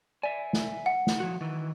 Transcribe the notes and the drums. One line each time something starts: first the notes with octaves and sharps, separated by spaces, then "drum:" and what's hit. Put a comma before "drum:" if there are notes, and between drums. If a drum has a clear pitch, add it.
D5 E5 G#5
drum: snare
F#5
drum: snare
F3 F#4
D#3 E3